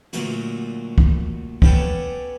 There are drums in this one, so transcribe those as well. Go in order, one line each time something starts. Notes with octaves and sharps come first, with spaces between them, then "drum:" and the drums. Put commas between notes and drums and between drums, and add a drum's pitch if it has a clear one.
A#2 D3 F#3 A3 D#4 F#4, drum: hi-hat
drum: kick
B3 C#4 D4 G4 A4 C#5, drum: kick